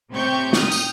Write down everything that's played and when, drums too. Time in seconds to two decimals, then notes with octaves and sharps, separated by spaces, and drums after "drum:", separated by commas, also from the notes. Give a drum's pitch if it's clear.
0.11 A2 C3 C4 G4 C#6 G6
0.53 G5 D#6 F6 G6, drum: snare
0.72 drum: tambourine